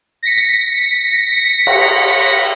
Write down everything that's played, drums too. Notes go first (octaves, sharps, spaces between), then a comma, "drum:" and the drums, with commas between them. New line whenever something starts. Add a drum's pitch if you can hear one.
A#6 B6 C#7
drum: cymbal